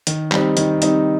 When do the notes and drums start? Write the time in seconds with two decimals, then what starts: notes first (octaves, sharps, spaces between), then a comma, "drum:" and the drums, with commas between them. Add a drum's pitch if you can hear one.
0.07 D#3, drum: hi-hat
0.31 G3 C4 D#4, drum: clap
0.57 D#3, drum: hi-hat
0.82 G3 C4 D#4, drum: hi-hat